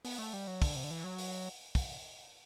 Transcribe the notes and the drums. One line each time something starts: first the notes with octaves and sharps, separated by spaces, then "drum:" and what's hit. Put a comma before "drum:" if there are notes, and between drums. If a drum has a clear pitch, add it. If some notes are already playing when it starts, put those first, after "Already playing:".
B3, drum: open hi-hat
A3
G3
F#3
D3, drum: kick, open hi-hat
C3
D3
E3
F#3
drum: open hi-hat
drum: kick, open hi-hat